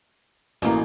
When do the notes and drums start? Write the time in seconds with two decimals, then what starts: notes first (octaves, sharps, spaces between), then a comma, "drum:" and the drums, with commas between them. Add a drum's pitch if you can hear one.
0.62 A1 B2 E3 A3 A#3, drum: tambourine